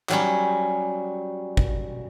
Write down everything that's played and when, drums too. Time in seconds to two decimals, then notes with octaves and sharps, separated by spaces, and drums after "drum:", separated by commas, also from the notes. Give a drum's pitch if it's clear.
0.09 F#3 G3 C#4, drum: clap
1.57 drum: kick G#1